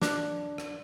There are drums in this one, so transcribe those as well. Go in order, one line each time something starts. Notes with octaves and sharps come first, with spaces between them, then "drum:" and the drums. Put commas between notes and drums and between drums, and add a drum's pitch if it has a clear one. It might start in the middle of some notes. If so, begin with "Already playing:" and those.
D4, drum: snare
drum: rim click